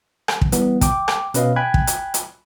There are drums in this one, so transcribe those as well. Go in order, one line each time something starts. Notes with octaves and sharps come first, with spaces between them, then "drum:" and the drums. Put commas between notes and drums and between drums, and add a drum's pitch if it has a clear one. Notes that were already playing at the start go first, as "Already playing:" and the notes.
drum: rim click
drum: kick
E3 G3 B3, drum: hi-hat
G5 D6, drum: kick, hi-hat
drum: rim click
B2 C#4 B4 D#5 F5, drum: hi-hat
G5 G#5 B5 F#6 G#6
drum: kick
drum: hi-hat
drum: hi-hat